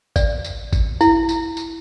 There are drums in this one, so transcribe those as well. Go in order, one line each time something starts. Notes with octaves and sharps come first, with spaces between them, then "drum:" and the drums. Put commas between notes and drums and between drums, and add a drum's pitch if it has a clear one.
D5, drum: kick G#1, tambourine
drum: tambourine
drum: kick G#1, tambourine
E4, drum: tambourine
drum: tambourine
drum: tambourine